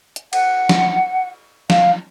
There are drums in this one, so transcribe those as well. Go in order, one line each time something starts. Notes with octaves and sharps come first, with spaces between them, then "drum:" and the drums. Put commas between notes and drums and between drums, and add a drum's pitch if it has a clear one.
drum: hi-hat
F#5, drum: cymbal
drum: snare
F5, drum: snare